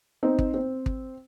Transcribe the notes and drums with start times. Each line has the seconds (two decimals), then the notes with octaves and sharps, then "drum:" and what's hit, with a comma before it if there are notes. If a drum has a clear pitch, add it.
0.23 C4 D#4
0.39 drum: kick
0.54 C4
0.86 drum: kick